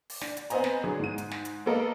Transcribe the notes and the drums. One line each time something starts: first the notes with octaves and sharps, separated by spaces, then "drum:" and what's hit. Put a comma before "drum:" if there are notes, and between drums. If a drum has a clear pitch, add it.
drum: open hi-hat
D4, drum: snare
drum: hi-hat
B3 C4 C5 D#5 G#5 A#5, drum: hi-hat
drum: snare
D3 F#3 G#4
G#2 D#7
drum: hi-hat
drum: snare
drum: hi-hat
A#3 B3 A4 A#4 D#5